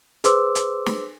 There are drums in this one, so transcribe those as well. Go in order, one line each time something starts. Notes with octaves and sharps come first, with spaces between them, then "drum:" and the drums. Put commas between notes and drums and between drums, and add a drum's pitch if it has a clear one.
G#4 B4 C5 C6 D6 E6, drum: hi-hat
drum: hi-hat
drum: snare